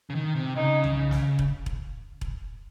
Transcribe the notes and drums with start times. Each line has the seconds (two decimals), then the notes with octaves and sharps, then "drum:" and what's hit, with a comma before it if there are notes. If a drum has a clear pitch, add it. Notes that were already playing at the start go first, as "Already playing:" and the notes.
0.10 C#3
0.15 D#3
0.35 C3
0.55 C#3 D#4
0.84 drum: tom
1.11 drum: snare
1.39 drum: kick E1
1.66 drum: kick E1
2.21 drum: kick E1